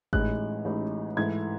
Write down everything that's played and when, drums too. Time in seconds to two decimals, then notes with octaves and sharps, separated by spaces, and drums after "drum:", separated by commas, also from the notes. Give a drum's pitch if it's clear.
0.13 A1 A2 G#3 D#4 F#6, drum: kick G#1
0.65 A1 A2 G#3 D#4
1.17 G#2 E3 A3 E4 G#6